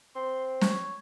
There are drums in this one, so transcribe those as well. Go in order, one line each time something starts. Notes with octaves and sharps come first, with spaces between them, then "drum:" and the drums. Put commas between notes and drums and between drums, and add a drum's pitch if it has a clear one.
C4 C6
C#5, drum: snare